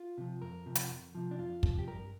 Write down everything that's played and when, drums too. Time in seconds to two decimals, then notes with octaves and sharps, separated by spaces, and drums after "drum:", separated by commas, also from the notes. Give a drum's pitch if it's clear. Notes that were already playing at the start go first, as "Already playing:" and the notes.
Already playing: F4
0.18 C3 F3
0.42 F2 A#4
0.66 C3 F3
0.75 drum: hi-hat
0.90 F2
1.15 C3 F3
1.31 D4
1.39 F2 F4
1.63 C3 F3, drum: kick
1.79 G4
1.87 G2 A#4